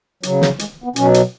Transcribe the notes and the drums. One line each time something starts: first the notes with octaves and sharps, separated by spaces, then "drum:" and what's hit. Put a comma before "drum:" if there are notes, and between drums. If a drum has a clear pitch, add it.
C#3 F#3, drum: hi-hat
drum: snare
G#3, drum: hi-hat
B3
B2 F#3 C#4, drum: hi-hat
drum: hi-hat